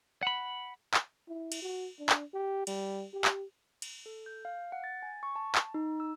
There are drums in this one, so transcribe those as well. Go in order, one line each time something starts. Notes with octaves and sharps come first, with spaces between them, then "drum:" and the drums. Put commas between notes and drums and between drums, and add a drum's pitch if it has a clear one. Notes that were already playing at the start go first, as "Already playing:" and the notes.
F#5 B5
drum: clap
E4
drum: cymbal
F#4
D4
drum: clap
G4
G3, drum: cymbal
G4
drum: clap
drum: cymbal
A4
G6
F5
F#5
A6
G#5
C#6
A5
drum: clap
D#4
E6